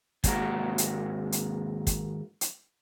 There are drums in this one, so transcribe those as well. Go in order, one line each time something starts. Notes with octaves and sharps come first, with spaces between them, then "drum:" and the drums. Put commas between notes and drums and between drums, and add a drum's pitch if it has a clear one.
D#2 G#2 A#3 F#4 A#4, drum: kick, hi-hat
drum: hi-hat
drum: hi-hat
drum: kick, hi-hat
drum: hi-hat